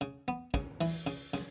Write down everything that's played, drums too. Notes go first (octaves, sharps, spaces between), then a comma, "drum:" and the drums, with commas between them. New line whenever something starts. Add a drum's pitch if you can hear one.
C#3
B3
C#3, drum: kick
E3, drum: cymbal
C#3
C#3, drum: snare